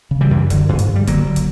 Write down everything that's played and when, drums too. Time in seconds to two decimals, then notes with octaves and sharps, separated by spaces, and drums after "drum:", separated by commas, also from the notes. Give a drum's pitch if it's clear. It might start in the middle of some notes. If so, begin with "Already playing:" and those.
0.11 C#3
0.21 E3 G3
0.31 F#2
0.50 D3, drum: kick, hi-hat
0.69 G2
0.79 drum: hi-hat
0.88 G2
0.95 G3
1.07 D3 F#3 A#3, drum: kick, hi-hat
1.27 D3
1.36 drum: kick, hi-hat